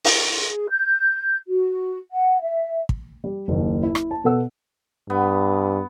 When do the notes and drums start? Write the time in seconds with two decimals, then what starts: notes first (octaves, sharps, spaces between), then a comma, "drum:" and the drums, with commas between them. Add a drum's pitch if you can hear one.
0.05 drum: open hi-hat
0.36 G#4
0.70 G6
1.47 F#4
2.12 F#5
2.42 E5
2.89 drum: kick
3.24 G3
3.48 F#1 D#2
3.83 E4
3.95 drum: rim click
4.11 A5
4.24 B2 B3 A4 F#5 E6
5.10 G2 B3